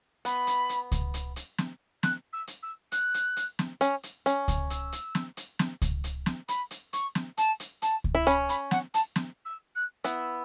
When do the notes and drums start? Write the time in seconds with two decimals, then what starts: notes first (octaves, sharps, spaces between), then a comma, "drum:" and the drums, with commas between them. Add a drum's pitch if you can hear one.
0.25 B3 B5, drum: hi-hat
0.47 drum: hi-hat
0.69 drum: hi-hat
0.92 drum: kick C#2, hi-hat
1.14 drum: hi-hat
1.36 drum: hi-hat
1.58 drum: snare
2.03 F#6, drum: snare
2.33 E6
2.47 drum: hi-hat
2.63 E6
2.92 F#6, drum: hi-hat
3.14 drum: hi-hat
3.37 drum: hi-hat
3.59 drum: snare
3.81 C#4, drum: hi-hat
4.03 drum: hi-hat
4.26 C#4, drum: hi-hat
4.48 drum: kick C#2, hi-hat
4.70 E6, drum: hi-hat
4.92 drum: hi-hat
5.15 drum: snare
5.37 drum: hi-hat
5.59 drum: snare
5.82 drum: kick C#2, hi-hat
6.04 drum: hi-hat
6.26 drum: snare
6.48 B5, drum: hi-hat
6.71 drum: hi-hat
6.93 C#6, drum: hi-hat
7.15 drum: snare
7.37 A5, drum: hi-hat
7.60 drum: hi-hat
7.82 A5, drum: hi-hat
8.04 drum: kick C#2
8.15 E4
8.27 C#4 B5, drum: hi-hat
8.49 B5, drum: hi-hat
8.71 F#5, drum: snare
8.94 A5, drum: hi-hat
9.16 drum: snare
9.45 E6
9.75 F#6
10.04 B3 E4 E6, drum: hi-hat